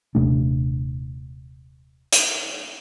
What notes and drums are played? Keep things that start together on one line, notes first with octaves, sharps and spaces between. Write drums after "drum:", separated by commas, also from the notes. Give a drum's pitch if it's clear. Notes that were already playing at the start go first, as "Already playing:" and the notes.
D#1 C3 A3 D4
drum: hi-hat